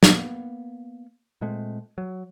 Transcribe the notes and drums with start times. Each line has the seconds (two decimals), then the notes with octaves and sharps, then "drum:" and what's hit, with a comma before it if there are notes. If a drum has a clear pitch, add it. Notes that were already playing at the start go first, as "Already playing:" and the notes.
0.03 A#3 B3, drum: snare
1.41 A#2 G#3 A3 C4
1.98 F#3